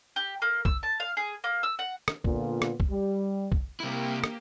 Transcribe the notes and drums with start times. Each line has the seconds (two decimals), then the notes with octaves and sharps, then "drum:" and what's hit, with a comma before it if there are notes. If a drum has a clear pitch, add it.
0.16 G4
0.42 A#3
0.65 E6, drum: kick
0.83 A5
1.00 F5
1.17 G#4
1.44 A#3
1.63 E6
1.79 F#5
2.08 drum: rim click
2.24 A#2 D3 B3 F4, drum: kick
2.62 drum: rim click
2.80 drum: kick
2.90 G3
3.52 drum: kick
3.80 C3 A#3 E4 G4
4.24 drum: rim click